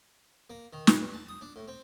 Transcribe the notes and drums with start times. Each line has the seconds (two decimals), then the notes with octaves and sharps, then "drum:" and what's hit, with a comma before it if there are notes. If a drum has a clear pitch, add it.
0.50 A#3
0.73 D#3
0.87 A2, drum: snare
1.01 G2
1.14 A5
1.28 D#6
1.41 D4
1.56 A2
1.68 C4